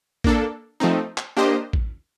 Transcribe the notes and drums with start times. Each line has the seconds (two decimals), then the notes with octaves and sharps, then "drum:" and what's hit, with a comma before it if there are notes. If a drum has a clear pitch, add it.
0.24 A#3 D4 A4, drum: kick A1
0.80 F3 A3 C4 D#4
1.18 drum: clap
1.37 A#3 D4 G4 C5 D#5
1.73 drum: kick A1